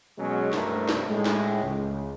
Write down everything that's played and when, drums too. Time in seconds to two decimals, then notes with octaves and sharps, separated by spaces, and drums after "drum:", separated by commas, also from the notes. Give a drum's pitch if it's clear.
0.18 B2 F#3 G#3 C#4 G#4
0.53 C2 G2 C3 A3 D4 A#4, drum: snare
0.89 drum: snare
1.08 A2 G#3
1.26 drum: snare
1.62 C#2